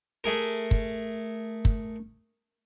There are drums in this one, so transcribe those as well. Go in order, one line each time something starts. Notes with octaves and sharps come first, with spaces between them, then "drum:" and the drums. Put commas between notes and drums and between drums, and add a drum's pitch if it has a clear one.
A3 G#4 A#4
drum: kick
drum: kick